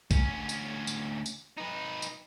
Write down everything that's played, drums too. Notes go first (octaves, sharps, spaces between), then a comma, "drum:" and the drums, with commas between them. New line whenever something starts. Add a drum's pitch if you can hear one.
D2 C#4, drum: kick, tambourine
drum: tambourine
drum: tambourine
drum: tambourine
D#4 B4
drum: tambourine